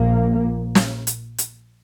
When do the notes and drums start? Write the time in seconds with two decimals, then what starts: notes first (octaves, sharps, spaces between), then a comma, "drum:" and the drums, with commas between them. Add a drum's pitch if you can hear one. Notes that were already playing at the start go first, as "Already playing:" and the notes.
Already playing: A#1 A#2 A#3
0.75 drum: snare
1.07 drum: hi-hat
1.38 drum: hi-hat